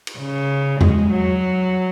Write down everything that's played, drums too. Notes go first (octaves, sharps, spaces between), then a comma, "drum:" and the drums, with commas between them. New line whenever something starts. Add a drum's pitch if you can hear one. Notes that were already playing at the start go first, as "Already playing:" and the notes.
drum: cymbal
C#3
G#3, drum: tom E2
F#3